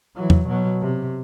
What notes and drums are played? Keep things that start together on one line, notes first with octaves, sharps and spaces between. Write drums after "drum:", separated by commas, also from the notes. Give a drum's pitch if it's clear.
E3 F#3
drum: tom E2
B2 F#3
C3